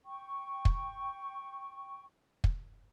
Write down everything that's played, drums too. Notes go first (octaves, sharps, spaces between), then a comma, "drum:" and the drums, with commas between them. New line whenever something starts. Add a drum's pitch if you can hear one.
G5 C#6
drum: kick
drum: kick